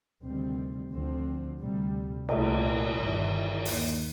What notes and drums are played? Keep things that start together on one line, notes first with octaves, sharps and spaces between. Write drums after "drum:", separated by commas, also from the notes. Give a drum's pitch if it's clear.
D2 C3 D#3 G3 C4
D2 D3 F3 C4
D2 C3 G3
C2 A#2 A3, drum: cymbal
G1 G2 D#3
D#2 D#3 A#3, drum: open hi-hat